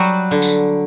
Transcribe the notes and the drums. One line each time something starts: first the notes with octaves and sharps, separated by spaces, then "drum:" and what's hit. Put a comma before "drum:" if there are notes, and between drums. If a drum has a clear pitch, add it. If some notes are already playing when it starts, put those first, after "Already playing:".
Already playing: F#3 G3 F#4
D3
drum: tambourine